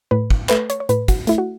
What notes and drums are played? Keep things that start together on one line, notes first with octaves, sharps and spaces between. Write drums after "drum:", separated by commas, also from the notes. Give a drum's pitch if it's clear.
A2 B4
drum: kick
A3 B4, drum: clap
C#5, drum: hi-hat
C#5
A2 B4, drum: hi-hat
F#4, drum: kick, hi-hat
A3 E4, drum: hi-hat
F#4